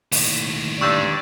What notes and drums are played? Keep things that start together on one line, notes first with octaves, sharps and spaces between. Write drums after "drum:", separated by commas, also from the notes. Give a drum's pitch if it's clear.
D#2 A2, drum: open hi-hat
G2 D5 C#6 E6 G6